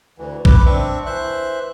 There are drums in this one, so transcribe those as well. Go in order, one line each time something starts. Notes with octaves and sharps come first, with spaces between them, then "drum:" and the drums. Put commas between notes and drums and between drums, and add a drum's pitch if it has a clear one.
D2 E3
B4 D6, drum: kick
C4 D4 E5 C#6
E3 C5 E5 F#6